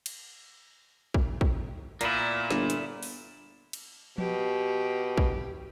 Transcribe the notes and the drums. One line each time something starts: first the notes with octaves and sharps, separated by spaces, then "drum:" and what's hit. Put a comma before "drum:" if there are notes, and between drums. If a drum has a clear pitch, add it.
drum: cymbal
drum: kick
drum: kick
A#2 A#3 B3 E4, drum: hi-hat
G1, drum: snare
drum: hi-hat
drum: open hi-hat
drum: cymbal
B2 G4, drum: tom
drum: kick